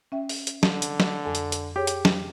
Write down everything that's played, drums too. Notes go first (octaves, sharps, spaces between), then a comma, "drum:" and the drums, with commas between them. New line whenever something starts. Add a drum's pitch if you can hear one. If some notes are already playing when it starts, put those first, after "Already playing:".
C#4 E5 G5
drum: open hi-hat
drum: hi-hat
D3, drum: snare
drum: hi-hat
drum: snare
F2 A4 G#5
drum: hi-hat
drum: hi-hat
G4 G#4 C#5
drum: hi-hat
drum: snare